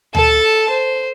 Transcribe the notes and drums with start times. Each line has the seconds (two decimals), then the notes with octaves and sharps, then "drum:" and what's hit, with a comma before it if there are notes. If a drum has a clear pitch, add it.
0.15 A4 A5, drum: tom D2
0.70 C5